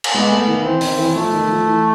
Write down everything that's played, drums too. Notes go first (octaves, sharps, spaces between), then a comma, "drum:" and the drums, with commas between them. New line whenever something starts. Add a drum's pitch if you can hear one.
drum: cymbal
G#3 B3
A3
D#3
E3 C4
D#3, drum: open hi-hat
E3
F3 A3
D#3
F3
E3